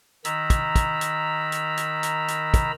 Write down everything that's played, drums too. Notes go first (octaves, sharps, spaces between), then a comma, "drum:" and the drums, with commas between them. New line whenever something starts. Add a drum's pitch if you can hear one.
D#3 A#5 B5 E6, drum: hi-hat
drum: kick, hi-hat
drum: kick, hi-hat
drum: hi-hat
drum: hi-hat
drum: hi-hat
drum: hi-hat
drum: hi-hat
drum: kick, hi-hat